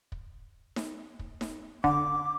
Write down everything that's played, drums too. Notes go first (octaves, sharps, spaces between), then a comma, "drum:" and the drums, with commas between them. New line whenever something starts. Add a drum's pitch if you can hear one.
drum: kick
drum: snare D#4
drum: kick
drum: snare D#4
D3 D6, drum: kick